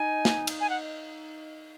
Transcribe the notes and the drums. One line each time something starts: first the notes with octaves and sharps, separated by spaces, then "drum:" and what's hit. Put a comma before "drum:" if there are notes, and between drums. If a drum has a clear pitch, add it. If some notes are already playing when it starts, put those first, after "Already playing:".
Already playing: D#4 G#5
drum: snare
drum: cymbal
G#5
F#5